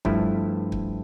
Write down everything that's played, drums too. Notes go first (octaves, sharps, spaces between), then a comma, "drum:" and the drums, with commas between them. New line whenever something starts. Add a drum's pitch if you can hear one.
G2 F3 A3 E4, drum: kick
drum: kick